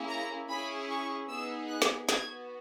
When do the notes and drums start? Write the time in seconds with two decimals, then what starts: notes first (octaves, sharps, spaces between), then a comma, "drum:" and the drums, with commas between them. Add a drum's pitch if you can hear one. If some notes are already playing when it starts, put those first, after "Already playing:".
Already playing: A#3 C#4 E4 G#4
0.09 A#5
0.49 C#4 E4 G#4 B5
0.89 C#6
1.29 B3 D#4 G#4 E6
1.68 F#6
1.82 drum: snare
2.09 B3 F#4 G#6, drum: snare